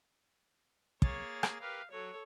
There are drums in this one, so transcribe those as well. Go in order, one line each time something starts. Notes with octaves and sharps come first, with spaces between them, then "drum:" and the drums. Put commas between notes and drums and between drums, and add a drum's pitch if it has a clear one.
A#3 G#4 C#5 A6, drum: kick
drum: rim click
G4 A#4 B4 F5
F#3 A4 C#5